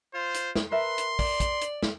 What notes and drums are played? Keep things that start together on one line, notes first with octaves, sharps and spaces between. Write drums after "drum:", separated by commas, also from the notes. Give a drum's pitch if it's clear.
F4 C5
drum: hi-hat
drum: snare
A#4 B4 E5 C6
drum: hi-hat
D5, drum: kick, open hi-hat
drum: kick, hi-hat
drum: hi-hat
drum: snare